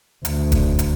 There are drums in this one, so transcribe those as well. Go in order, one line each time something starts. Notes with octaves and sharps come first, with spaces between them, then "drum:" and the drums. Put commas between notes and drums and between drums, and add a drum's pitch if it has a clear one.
D2, drum: hi-hat
drum: kick, hi-hat
drum: hi-hat